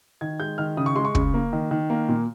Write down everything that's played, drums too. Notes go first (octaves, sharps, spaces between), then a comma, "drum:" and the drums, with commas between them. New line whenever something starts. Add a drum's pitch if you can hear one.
D#3 G#6
G#3 G6
D#3 F6
C#3 D#6
C#6
G#3 C6
C#6
C#3, drum: kick
A#3
D#3
D#3
A#3
A#2